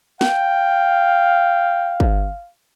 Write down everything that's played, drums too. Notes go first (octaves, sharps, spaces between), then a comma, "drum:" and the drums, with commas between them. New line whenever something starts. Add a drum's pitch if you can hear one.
F5 G5, drum: snare
drum: kick